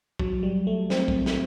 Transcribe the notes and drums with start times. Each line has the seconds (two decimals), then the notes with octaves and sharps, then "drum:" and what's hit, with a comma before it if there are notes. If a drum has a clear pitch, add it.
0.19 F#3, drum: kick
0.43 G3
0.67 A3
0.90 C4, drum: snare
1.08 drum: kick
1.26 A3, drum: snare